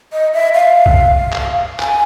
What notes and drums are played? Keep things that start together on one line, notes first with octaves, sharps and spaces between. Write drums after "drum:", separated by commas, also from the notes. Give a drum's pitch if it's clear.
D#5
E5
F5
drum: kick
drum: clap
G#5, drum: clap